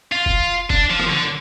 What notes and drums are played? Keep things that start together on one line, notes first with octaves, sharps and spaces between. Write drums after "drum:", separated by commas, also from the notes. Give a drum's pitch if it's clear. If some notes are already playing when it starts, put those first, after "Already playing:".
F4
drum: kick F#1
D4, drum: kick F#1
F3
drum: rim click
D3